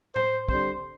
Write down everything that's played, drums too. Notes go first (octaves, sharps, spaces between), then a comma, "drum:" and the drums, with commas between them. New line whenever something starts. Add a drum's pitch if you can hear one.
C5, drum: tom
D3 G3 C4 C5, drum: kick